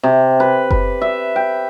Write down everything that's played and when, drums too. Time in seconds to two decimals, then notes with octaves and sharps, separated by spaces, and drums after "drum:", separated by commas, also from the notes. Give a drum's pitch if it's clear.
0.03 C3
0.40 B4
0.71 B4, drum: kick F#1
1.02 E5
1.36 G5